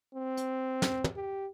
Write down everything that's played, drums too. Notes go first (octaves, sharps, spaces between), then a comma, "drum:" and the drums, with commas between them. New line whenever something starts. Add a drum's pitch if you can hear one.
C4
drum: hi-hat
drum: snare
drum: tom
G4